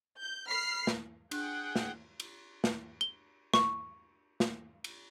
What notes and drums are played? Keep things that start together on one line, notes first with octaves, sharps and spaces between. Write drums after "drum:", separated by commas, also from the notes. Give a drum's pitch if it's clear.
G6
B5 F6 C7
drum: snare
D4 G#4 F#5 G5 F#6, drum: cymbal
drum: snare
drum: cymbal
drum: snare
G7
C#6, drum: snare
drum: snare
drum: cymbal